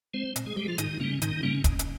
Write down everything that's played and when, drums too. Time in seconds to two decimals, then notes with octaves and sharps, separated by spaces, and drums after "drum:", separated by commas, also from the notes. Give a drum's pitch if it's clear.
0.14 G#3 C4 C5
0.36 A#2, drum: hi-hat
0.46 G#3 G#4
0.56 G3 G#3 G4
0.68 F3 F4
0.78 G#2 D#3 D#4, drum: hi-hat
1.00 C#3 G3 A#3 C#4
1.22 G#2 D#3 D#4, drum: hi-hat
1.43 C#3 G3 A#3 C#4
1.64 G#2, drum: kick, hi-hat
1.79 drum: hi-hat